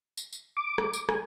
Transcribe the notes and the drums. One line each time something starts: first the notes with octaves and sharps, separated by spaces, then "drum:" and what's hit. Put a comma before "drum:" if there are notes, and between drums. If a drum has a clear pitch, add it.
drum: tambourine
drum: tambourine
D6
drum: rim click
drum: tambourine
G#5, drum: rim click